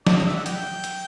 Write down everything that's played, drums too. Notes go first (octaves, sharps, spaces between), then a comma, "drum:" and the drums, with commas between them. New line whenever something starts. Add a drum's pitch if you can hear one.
D5, drum: snare
D#5
E5
F#5
G5, drum: hi-hat
drum: hi-hat